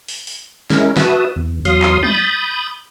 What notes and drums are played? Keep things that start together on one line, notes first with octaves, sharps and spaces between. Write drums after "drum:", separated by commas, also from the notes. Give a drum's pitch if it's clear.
drum: open hi-hat
drum: open hi-hat
G#3 C#4 E4 A#4, drum: snare
F#4 B4 E5 A5 D#6, drum: snare
E2
E2 F#3 F5 C6 D#6, drum: hi-hat
drum: clap
B5 D#6 G6 A6, drum: tom